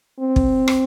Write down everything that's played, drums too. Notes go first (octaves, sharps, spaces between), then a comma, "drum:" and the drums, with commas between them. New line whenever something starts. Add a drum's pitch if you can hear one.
C4
drum: kick
drum: rim click